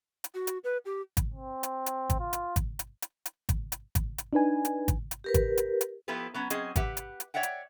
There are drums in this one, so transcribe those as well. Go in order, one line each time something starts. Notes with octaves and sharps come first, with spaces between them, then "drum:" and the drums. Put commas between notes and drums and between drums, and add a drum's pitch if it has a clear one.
drum: hi-hat
F#4
drum: hi-hat
B4
G4
drum: kick G#1, hi-hat
C4
drum: hi-hat
drum: hi-hat
drum: kick G#1, hi-hat
F4
drum: hi-hat
drum: kick G#1, hi-hat
drum: hi-hat
drum: hi-hat
drum: hi-hat
drum: kick G#1, hi-hat
drum: hi-hat
drum: kick G#1, hi-hat
drum: hi-hat
D4 D#4 B4 G#5
drum: hi-hat
drum: kick G#1, hi-hat
drum: hi-hat
G4 A#4 B4
drum: kick G#1, hi-hat
drum: hi-hat
drum: hi-hat
F3 B3 E4 G4 A4 B4
F#3 B3 C#4
F#3 C4 C#4 G#4 D#5, drum: hi-hat
G4 B4 E5 F#5, drum: kick G#1, hi-hat
drum: hi-hat
drum: hi-hat
C#5 D5 E5 F#5 G5
drum: hi-hat